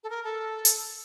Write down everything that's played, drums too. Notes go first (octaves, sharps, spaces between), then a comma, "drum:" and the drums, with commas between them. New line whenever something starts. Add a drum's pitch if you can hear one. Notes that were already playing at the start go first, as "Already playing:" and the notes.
A4
A#4
A4
drum: hi-hat